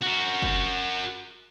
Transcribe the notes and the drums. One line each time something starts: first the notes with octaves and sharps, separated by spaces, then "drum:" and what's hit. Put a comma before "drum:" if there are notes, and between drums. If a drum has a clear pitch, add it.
F#4 A#4
drum: kick